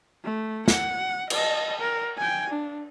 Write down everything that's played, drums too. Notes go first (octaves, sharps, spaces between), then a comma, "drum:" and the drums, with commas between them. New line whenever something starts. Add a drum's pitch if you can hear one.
A3
F#5, drum: snare
D#5 A5, drum: cymbal
A#4
G5 G#5
D4